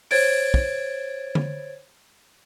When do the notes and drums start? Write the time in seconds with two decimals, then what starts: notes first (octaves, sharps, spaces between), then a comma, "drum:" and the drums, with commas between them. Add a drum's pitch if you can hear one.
0.11 C5 C#5 G#6 A6 D7, drum: open hi-hat
0.54 drum: kick
1.35 drum: tom D3